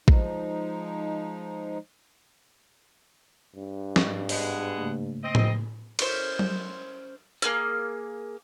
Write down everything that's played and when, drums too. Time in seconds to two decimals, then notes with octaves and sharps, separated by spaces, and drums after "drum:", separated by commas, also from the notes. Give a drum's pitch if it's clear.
0.08 F3 G#3 D#4, drum: kick A1
3.56 G2
3.96 G#2 D#5 C#6, drum: snare
4.29 B2 G#3 F#5, drum: open hi-hat
4.77 C#3 A3 A#3
5.22 C4 D#5
5.35 drum: tom A2
5.99 C#4 C5, drum: cymbal
6.39 drum: tom F#3
7.42 A#3 G#4 F6, drum: hi-hat